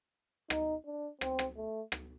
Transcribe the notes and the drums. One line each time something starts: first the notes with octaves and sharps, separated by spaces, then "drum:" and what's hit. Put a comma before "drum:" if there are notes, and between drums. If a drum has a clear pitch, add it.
D#4, drum: rim click
D4
C4, drum: rim click
drum: rim click
A3
drum: rim click